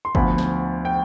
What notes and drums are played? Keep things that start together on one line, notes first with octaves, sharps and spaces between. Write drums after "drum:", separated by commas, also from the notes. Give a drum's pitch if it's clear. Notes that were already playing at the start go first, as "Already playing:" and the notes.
C6
D2 D3 F3 B3 B5, drum: kick G1
drum: snare
G5